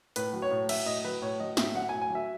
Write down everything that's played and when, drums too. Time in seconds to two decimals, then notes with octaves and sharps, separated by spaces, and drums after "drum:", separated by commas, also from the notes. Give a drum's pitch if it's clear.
0.16 A2 B4, drum: hi-hat
0.33 F#3
0.42 C#5
0.51 A2
0.69 F#3 E5, drum: cymbal
0.86 A2 D#5
1.05 F#3 B4
1.22 A2 C#5
1.40 F#3 D#5
1.57 A2 E5, drum: snare
1.75 F#3 F#5
1.89 G#5
1.93 A2
2.01 G#5
2.10 F#3 E5